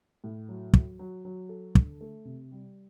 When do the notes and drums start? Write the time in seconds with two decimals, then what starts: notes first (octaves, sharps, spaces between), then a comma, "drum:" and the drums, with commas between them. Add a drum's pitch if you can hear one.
0.24 A2
0.49 F#3
0.73 F#3, drum: kick
0.99 F#3
1.25 F#3
1.49 A4
1.75 D3, drum: kick
2.01 A3
2.25 C3
2.51 G3